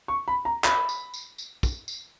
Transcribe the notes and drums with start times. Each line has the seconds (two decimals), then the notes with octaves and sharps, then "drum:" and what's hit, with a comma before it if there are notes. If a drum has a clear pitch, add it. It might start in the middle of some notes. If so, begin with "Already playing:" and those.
0.08 C#6
0.28 B5
0.45 A#5
0.64 B5, drum: clap
0.89 drum: tambourine
1.14 drum: tambourine
1.38 drum: tambourine
1.63 drum: kick, tambourine
1.88 drum: tambourine